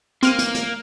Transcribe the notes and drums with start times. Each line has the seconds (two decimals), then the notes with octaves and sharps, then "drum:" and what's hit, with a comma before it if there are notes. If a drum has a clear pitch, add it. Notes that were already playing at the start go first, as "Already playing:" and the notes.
0.23 A#3 C4 F6 D#7, drum: hi-hat
0.39 drum: hi-hat
0.55 drum: hi-hat